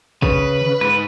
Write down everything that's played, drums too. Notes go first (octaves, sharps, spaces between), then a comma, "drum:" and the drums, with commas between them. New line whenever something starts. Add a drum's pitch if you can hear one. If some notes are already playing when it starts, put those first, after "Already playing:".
C#3 B4, drum: kick
drum: tom D3
G#2 B4